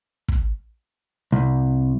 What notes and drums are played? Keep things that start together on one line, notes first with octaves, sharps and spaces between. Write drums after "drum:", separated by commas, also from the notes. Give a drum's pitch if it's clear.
drum: kick
C2